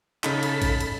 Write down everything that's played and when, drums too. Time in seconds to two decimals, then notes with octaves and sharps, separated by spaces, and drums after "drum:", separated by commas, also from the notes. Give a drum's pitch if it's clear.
0.24 C#3 D#4 A4 B5, drum: clap
0.43 drum: cymbal
0.62 drum: kick A#1, cymbal
0.80 drum: cymbal